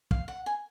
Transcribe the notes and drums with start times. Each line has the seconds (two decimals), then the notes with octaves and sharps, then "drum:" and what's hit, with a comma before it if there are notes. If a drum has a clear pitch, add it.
0.11 F5, drum: kick
0.28 F#5
0.46 G#5